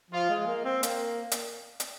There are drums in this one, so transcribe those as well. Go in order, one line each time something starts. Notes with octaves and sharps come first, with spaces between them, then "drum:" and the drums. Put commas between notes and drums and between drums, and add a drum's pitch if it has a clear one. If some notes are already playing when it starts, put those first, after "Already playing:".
F3 F4
G#3
A#3
C4
A#3, drum: hi-hat
drum: hi-hat
drum: hi-hat